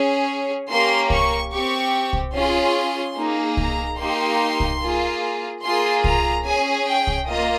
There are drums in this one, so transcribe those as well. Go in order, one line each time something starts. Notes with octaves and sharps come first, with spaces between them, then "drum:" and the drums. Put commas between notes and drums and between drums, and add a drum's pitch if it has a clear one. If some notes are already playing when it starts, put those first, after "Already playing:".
Already playing: C#4 G#4
A#3 C#4 G4 C6
C#6, drum: kick C2
C4 G4 C#6
drum: kick C2
C#4 F4 G#4 C6
A#3 D#4 G#4
A#5, drum: kick C2
A#3 D#4 G4 C6
drum: kick C2
A#3 F4 G#4
A#3 F4 G#4 C6
A#5, drum: kick C2
C#4 G#4 G#5
G5
drum: kick C2
A#3 F4 D#5